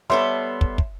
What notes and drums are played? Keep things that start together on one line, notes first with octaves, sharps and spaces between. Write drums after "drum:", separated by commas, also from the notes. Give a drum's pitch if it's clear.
G3 B3 A4 C#5 E5 C6
drum: kick
drum: kick